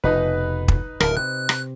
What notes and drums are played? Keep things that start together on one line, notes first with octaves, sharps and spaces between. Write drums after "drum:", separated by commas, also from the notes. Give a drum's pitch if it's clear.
F1 B2 D#4 B4
drum: kick
D1 D3 A#4, drum: rim click
C3 F#6
drum: rim click